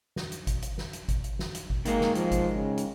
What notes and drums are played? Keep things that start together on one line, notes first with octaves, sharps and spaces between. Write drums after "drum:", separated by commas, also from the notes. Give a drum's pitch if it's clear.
drum: snare
drum: hi-hat
drum: kick G#1, hi-hat
drum: hi-hat
drum: snare
drum: hi-hat
drum: kick G#1, hi-hat
drum: hi-hat
drum: snare
drum: hi-hat
drum: kick G#1
D#3 G#3 A#3, drum: hi-hat
drum: snare
F3, drum: hi-hat
drum: kick G#1, hi-hat
C#3
drum: hi-hat